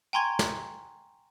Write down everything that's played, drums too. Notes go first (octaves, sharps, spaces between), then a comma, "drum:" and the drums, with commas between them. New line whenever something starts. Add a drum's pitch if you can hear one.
G5 G#5 A#5 C6 C#6 G#6
drum: snare